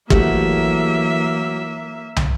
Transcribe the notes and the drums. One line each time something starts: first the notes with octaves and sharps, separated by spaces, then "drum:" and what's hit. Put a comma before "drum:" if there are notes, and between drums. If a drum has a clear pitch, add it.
E3 F#3 A3 A#3 G4 E5, drum: kick
drum: tom